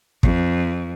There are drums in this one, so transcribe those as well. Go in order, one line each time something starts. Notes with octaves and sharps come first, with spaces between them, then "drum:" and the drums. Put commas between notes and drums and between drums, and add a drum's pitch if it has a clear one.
F2, drum: kick